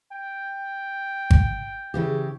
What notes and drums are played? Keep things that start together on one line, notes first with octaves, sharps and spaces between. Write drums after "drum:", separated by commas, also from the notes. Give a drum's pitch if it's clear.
G5
drum: kick G#1
C#3 E3 G4